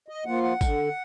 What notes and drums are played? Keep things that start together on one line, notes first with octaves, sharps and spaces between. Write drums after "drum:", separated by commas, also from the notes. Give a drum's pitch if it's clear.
D#5
F3 A#3 F4 F#5
F#5
D3, drum: kick G#1, tambourine